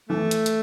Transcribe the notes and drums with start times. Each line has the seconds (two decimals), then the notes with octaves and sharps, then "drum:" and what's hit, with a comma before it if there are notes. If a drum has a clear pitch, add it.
0.09 E3 A3
0.31 drum: hi-hat
0.46 drum: hi-hat